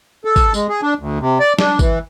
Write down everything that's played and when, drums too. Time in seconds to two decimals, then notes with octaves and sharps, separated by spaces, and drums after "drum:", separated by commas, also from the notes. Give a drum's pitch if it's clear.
0.25 A4
0.36 drum: kick, tambourine
0.54 G#3, drum: tambourine
0.69 G#4
0.82 D4
0.99 D2
1.21 C3
1.40 D5
1.59 D4, drum: snare F#3
1.79 E3, drum: kick, tambourine